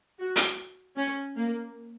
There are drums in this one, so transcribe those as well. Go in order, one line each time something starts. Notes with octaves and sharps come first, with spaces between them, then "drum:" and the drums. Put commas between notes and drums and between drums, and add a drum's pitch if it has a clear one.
F#4
drum: hi-hat
C#4
A#3